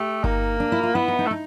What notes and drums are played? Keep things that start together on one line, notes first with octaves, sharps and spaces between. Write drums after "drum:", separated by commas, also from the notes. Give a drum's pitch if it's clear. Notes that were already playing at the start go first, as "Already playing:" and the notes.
Already playing: A3 G4
A#3 D#4, drum: kick G1
D4
E4
F4
B3 E4
D#4
D#4
A3
D#4